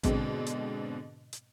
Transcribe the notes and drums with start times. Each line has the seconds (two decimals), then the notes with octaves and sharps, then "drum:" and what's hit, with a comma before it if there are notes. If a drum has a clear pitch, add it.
0.03 G#2 B2 D3 G#3 C4, drum: kick A1, hi-hat
0.46 drum: hi-hat
1.33 drum: hi-hat